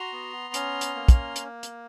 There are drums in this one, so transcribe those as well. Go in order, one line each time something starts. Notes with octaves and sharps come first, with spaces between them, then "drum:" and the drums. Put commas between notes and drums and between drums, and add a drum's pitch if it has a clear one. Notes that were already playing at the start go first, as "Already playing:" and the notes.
Already playing: F#4 A#5 C6
B3
C#4, drum: hi-hat
drum: hi-hat
A#3
drum: kick, hi-hat
drum: hi-hat
drum: hi-hat